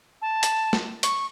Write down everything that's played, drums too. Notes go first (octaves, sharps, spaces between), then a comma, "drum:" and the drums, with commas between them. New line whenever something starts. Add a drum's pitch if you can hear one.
A5
drum: hi-hat
drum: snare
C#6, drum: hi-hat